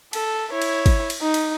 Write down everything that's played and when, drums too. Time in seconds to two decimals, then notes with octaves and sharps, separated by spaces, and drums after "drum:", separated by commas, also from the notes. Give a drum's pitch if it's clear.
0.13 A4, drum: cymbal
0.51 E4 C#5
0.62 drum: cymbal
0.86 drum: kick, cymbal
1.10 drum: cymbal
1.22 D#4
1.34 drum: cymbal